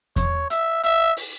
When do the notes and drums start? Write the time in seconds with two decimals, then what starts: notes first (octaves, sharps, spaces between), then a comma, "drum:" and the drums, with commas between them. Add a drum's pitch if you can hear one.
0.16 C#5, drum: kick E2, hi-hat
0.50 E5, drum: hi-hat
0.83 E5, drum: hi-hat
1.17 drum: open hi-hat